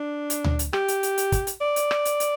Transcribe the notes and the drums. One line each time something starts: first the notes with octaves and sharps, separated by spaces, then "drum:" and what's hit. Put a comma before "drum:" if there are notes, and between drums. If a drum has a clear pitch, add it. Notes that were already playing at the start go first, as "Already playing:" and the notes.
Already playing: D4
drum: hi-hat
drum: tom D2
drum: hi-hat
G4, drum: rim click
drum: hi-hat
drum: hi-hat
drum: hi-hat
drum: kick, hi-hat
drum: hi-hat
D5
drum: hi-hat
drum: rim click
drum: hi-hat
drum: hi-hat